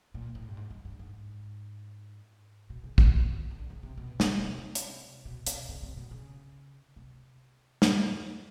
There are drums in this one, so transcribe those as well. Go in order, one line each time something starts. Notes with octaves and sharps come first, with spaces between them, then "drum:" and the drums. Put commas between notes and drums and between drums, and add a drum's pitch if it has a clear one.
A#2
A2
G2
G#2
G2
G2
G#2
B2
C#3
D3, drum: kick
D#3
D3
C#3
C3
B2
C3, drum: snare
C3
drum: hi-hat
B2
C3, drum: hi-hat
C#3
C3
B2
C#3
C3
drum: snare